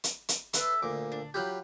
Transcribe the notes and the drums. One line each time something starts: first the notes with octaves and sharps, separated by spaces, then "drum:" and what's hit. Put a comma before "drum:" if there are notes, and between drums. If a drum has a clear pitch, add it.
drum: hi-hat
drum: hi-hat
A4 B4 E5 C6, drum: hi-hat
D2 A#2 D6
D4
F#3 F4 G4 B5 F#6 G6